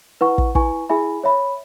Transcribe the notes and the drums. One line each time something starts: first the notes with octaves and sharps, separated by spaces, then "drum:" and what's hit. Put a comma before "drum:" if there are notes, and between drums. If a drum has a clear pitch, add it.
E4 B4 F#5 C#6
drum: kick
E4 B4 G#5 C#6, drum: kick
E4 G#4 E5 G#5 B5
C#5 E5 B5